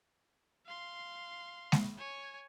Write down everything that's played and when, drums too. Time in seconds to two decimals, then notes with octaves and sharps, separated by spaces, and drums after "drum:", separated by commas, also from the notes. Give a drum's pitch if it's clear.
0.66 F5 C6
1.72 drum: snare G#3
1.98 C#5 G#5